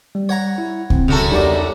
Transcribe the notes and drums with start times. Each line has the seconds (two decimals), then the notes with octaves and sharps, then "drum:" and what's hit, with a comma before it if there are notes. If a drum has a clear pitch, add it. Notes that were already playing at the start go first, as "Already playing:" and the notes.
0.15 G3
0.29 C#5 F#5 A#5
0.58 E4
0.90 C4, drum: kick C#2
1.08 F#2 C#3 F#4 A4
1.31 E2 G3 A#3 D4 D#4 D5